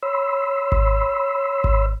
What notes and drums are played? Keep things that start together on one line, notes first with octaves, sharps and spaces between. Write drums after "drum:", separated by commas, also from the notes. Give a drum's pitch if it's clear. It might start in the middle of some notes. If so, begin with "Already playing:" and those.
C#5 B5 C6 E6
drum: kick G#1
drum: kick G#1